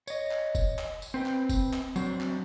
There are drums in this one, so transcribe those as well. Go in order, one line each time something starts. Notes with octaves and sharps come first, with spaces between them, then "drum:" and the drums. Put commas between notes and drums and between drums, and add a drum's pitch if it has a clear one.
C#5 D#5, drum: tambourine
drum: clap
drum: kick F#1, tambourine
drum: clap
drum: tambourine
C4 B4 G5
drum: clap
drum: kick F#1, tambourine
drum: clap
F#3 C4 D4, drum: tambourine
drum: clap